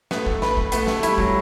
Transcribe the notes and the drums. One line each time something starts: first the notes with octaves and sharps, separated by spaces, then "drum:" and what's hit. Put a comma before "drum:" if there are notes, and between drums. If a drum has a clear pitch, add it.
A3 B3, drum: snare
drum: kick
B4, drum: snare
drum: kick
A3 B3, drum: hi-hat
A3, drum: snare
G3 E4, drum: hi-hat
F#3, drum: kick